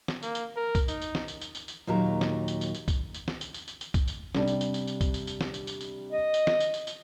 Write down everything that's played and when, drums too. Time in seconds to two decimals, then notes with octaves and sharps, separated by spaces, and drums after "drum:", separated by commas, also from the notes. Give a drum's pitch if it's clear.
0.08 drum: snare
0.23 A#3, drum: tambourine
0.35 drum: tambourine
0.56 A#4
0.75 drum: kick B1, tambourine
0.88 D#4, drum: tambourine
1.02 drum: tambourine
1.15 drum: snare
1.28 drum: tambourine
1.41 drum: tambourine
1.55 drum: tambourine
1.68 drum: tambourine
1.87 D#2 A#2 F#3 G4 A#5
2.21 drum: snare
2.48 drum: tambourine
2.61 drum: tambourine
2.75 drum: tambourine
2.88 drum: kick B1, tambourine
3.14 drum: tambourine
3.28 drum: snare
3.41 drum: tambourine
3.54 drum: tambourine
3.68 drum: tambourine
3.81 drum: tambourine
3.94 drum: kick B1, tambourine
4.08 drum: tambourine
4.35 C3 G3 D4, drum: snare
4.48 drum: tambourine
4.61 drum: tambourine
4.74 drum: tambourine
4.87 drum: tambourine
5.01 drum: kick B1, tambourine
5.14 drum: tambourine
5.27 drum: tambourine
5.41 drum: snare
5.54 drum: tambourine
5.67 drum: tambourine
5.81 drum: tambourine
6.12 D#5
6.34 drum: tambourine
6.47 drum: snare
6.60 drum: tambourine
6.74 drum: tambourine
6.87 drum: tambourine